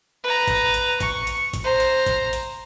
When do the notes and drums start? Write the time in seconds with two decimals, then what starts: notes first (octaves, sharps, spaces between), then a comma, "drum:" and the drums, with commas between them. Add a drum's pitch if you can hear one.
0.24 B4 A#5
0.48 drum: kick, hi-hat
0.74 drum: hi-hat
1.00 C#6, drum: kick, hi-hat
1.27 drum: hi-hat
1.53 drum: kick, hi-hat
1.64 C5 A#5
1.80 drum: hi-hat
2.06 drum: kick, hi-hat
2.33 drum: hi-hat